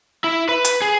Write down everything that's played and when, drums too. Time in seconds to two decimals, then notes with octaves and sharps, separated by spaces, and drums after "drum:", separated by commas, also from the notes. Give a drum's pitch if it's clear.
0.24 E4
0.49 B4
0.64 drum: hi-hat
0.82 G#4